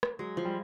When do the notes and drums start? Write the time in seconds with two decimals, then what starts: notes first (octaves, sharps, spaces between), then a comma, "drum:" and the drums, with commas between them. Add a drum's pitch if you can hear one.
0.03 drum: rim click
0.19 F#3 G#3
0.37 F3
0.45 G3